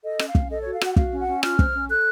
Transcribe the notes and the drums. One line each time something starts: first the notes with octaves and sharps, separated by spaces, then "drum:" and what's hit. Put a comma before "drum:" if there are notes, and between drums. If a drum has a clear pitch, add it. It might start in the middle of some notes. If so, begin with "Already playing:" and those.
A4 D#5
C#4, drum: rim click
F5
C#4, drum: kick
A4 D#5
F#4 C#5
F5
F#4 F#5, drum: rim click
F#5
F#4 F5, drum: kick
C#4
F#5
C#4
F4 F6, drum: rim click
C5, drum: kick
C#4
A4 F#6